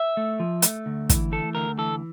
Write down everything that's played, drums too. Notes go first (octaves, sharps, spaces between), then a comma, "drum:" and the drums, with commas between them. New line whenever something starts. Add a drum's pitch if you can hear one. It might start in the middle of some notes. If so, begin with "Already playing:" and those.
Already playing: E5
A3
F3
A3, drum: hi-hat
D2
E3, drum: kick, hi-hat
A3 A4
D2 A#4
E3 A4